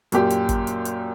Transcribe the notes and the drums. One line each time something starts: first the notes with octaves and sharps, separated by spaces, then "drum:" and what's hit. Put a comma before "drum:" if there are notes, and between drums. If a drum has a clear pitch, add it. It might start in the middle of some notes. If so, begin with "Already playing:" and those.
F#2 A#2 G4, drum: hi-hat
drum: hi-hat
drum: kick, hi-hat
drum: hi-hat
drum: hi-hat